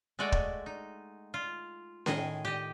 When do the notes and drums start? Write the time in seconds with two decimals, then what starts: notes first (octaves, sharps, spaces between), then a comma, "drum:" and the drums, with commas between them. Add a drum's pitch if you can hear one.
0.19 G#3 A3 F#4 D5 D#5 G5
0.32 drum: kick
0.66 D#4
1.34 F4
2.06 A2 D#3 G#4 D#5, drum: snare C#4
2.45 G4 D#5